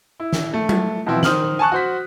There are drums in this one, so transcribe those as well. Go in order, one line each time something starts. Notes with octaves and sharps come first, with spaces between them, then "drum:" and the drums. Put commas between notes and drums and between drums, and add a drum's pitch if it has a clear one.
E4
drum: snare
A3
drum: tom F#3
B2 E3 F3 C4 E4
D#3 C5 D#6 F6 F#7, drum: snare
G#5 A5 C#6 F#6
F#4 C5 B6